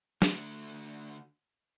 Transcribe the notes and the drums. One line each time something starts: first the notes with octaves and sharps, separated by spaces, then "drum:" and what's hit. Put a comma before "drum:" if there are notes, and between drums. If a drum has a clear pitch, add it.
D3 A3, drum: snare